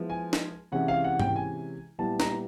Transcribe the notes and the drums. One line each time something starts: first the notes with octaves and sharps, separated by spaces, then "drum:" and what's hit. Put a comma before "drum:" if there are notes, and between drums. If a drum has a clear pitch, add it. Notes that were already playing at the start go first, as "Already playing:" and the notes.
Already playing: F3 G#3 B3 E4
G#5
drum: snare
C3 E3 G#3 C#4 E4 F#5
F5
F#5
G5, drum: tom G#2
G#5
A#2 G3 B3 E4 A5
A#5, drum: snare